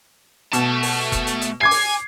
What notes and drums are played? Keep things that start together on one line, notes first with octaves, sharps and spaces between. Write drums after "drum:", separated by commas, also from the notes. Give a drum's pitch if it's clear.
B2 A3 A5, drum: hi-hat
drum: open hi-hat
drum: kick F1, hi-hat
drum: hi-hat
drum: hi-hat
G#5 D6 G#6 C7
drum: open hi-hat